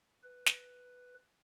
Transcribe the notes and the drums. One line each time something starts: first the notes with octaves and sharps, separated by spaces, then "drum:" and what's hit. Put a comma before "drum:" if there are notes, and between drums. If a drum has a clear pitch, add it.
B4
drum: snare